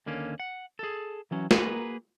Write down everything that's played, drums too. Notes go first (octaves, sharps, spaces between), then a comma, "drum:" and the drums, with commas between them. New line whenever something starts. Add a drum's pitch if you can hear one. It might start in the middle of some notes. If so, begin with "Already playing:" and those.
D#2 D3 A#3 C#4
F#5
G#4 A4
E3 F#3 C#4
A#3 F#4 G#4 A#4 B4, drum: snare